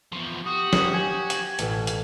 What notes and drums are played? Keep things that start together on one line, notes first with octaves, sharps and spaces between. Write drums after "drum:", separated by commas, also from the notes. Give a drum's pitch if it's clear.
E2 F3 C6 C#6
F#4 G4 D#6
drum: snare
G#5 G#6
drum: hi-hat
A1 B2, drum: hi-hat
drum: hi-hat